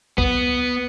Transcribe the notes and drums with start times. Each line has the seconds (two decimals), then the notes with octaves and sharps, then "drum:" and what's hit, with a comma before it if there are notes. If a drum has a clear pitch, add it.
0.18 B3, drum: kick C2